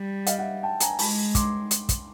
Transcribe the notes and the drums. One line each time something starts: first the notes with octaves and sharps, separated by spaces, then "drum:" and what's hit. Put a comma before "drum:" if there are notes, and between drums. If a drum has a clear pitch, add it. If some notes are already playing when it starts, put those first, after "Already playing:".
Already playing: G3
D#5 F5, drum: hi-hat
E5 F#5
G5 A5
G#5 A#5, drum: hi-hat
G#3 A5 B5, drum: open hi-hat
C6 D6, drum: kick, hi-hat
drum: hi-hat
drum: kick, hi-hat